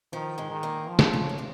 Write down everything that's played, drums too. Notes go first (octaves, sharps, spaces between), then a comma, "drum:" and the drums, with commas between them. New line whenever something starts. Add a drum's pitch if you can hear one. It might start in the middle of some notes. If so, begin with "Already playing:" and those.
D#3 F3
G#2 G#3
D#3
A#2 A#3
F3
drum: snare
C#3 C#4
A#3
C3 C4